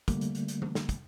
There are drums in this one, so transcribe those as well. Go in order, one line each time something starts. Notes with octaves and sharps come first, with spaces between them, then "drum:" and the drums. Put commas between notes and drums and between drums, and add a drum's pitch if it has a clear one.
D3 G3 A3 A#3, drum: kick, hi-hat
drum: hi-hat
drum: hi-hat
drum: hi-hat
drum: tom E3
drum: snare
drum: kick, hi-hat